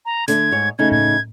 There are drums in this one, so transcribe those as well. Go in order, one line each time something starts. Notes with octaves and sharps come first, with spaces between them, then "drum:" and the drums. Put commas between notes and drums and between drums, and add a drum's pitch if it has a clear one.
A#5
D3 A3 D4 G#6, drum: hi-hat
G#2 C#5
C#3 A3 D#4 G#6
G#6, drum: tom A2